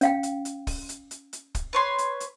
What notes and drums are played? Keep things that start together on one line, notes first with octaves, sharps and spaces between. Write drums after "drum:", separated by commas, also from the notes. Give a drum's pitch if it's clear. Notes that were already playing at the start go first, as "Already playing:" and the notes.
C#4 F5 G5, drum: hi-hat
drum: hi-hat
drum: hi-hat
drum: kick, open hi-hat
drum: hi-hat
drum: hi-hat
drum: hi-hat
drum: kick, hi-hat
B4 C#5 C6
drum: hi-hat
drum: hi-hat